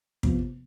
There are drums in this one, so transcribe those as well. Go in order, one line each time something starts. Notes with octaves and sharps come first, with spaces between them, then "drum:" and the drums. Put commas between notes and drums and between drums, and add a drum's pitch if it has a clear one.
C3 F3 B3, drum: kick